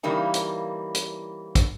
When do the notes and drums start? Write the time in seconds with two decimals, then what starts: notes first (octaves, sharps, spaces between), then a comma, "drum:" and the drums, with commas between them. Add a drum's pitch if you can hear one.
0.03 C#3 E3 G3 A#3 D#4
0.34 drum: hi-hat
0.95 drum: hi-hat
1.55 drum: kick, hi-hat